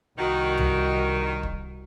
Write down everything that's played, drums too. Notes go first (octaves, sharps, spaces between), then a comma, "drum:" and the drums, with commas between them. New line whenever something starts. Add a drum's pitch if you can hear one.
C2 D#3 F#4
drum: tom
drum: kick